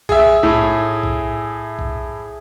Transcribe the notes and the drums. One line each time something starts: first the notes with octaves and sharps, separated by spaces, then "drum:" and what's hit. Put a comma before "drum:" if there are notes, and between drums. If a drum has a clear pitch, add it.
G#4 E5, drum: kick B1
A2, drum: kick B1
drum: kick B1
drum: kick B1